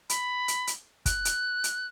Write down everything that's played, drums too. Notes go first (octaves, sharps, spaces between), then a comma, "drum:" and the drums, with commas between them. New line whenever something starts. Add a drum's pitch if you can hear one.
B5, drum: hi-hat
drum: hi-hat
drum: hi-hat
F#6, drum: kick, hi-hat
drum: hi-hat
drum: hi-hat